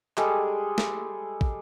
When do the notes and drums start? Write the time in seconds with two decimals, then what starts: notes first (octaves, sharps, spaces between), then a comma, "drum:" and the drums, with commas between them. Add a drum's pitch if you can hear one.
0.17 G3 G#3 G#4 A4, drum: clap
0.78 drum: snare
1.41 drum: kick